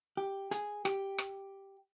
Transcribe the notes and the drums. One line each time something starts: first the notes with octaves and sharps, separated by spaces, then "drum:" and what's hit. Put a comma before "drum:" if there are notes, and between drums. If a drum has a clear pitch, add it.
G4
G#4, drum: hi-hat
G4, drum: rim click
drum: rim click